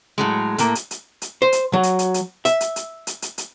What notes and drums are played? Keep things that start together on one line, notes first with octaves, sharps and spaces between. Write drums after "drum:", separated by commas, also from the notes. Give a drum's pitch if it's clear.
A2 F#3 G#3
A2 A#3, drum: hi-hat
drum: hi-hat
drum: hi-hat
drum: hi-hat
C5
drum: hi-hat
F#3
drum: hi-hat
drum: hi-hat
drum: hi-hat
E5, drum: hi-hat
drum: hi-hat
drum: hi-hat
drum: hi-hat
drum: hi-hat
drum: hi-hat